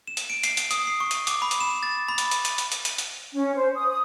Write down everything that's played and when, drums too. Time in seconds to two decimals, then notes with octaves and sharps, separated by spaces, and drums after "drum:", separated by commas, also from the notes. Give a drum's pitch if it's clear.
0.07 E7
0.17 drum: hi-hat
0.30 D7
0.43 C7, drum: hi-hat
0.57 drum: hi-hat
0.71 D#6, drum: hi-hat
0.87 C7
1.00 C#6
1.11 drum: hi-hat
1.27 D6, drum: hi-hat
1.42 B5
1.51 drum: hi-hat
1.60 E7
1.83 A6
2.09 B5
2.18 drum: hi-hat
2.31 drum: hi-hat
2.45 drum: hi-hat
2.58 drum: hi-hat
2.72 drum: hi-hat
2.85 drum: hi-hat
2.98 drum: hi-hat
3.35 C#4
3.57 C5
3.75 D#6
3.90 D#6